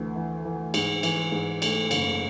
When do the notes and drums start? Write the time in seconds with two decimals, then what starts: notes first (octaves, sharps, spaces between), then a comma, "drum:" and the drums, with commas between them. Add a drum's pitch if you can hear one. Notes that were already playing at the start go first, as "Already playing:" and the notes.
Already playing: D2 E3
0.15 E3
0.45 E3
0.74 G#2, drum: cymbal
1.03 E3, drum: cymbal
1.32 G#2
1.62 A3, drum: cymbal
1.91 F#1, drum: cymbal